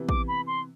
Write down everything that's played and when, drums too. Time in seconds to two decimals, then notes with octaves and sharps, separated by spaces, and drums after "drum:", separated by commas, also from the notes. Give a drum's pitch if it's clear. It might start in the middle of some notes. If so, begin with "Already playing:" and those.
Already playing: C3 E3 B3
0.09 D6, drum: kick
0.28 B5
0.47 C6